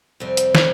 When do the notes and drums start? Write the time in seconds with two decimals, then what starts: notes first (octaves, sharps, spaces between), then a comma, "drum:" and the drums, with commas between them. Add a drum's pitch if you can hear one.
0.20 F2 C3 G3 C4
0.37 drum: hi-hat
0.55 drum: snare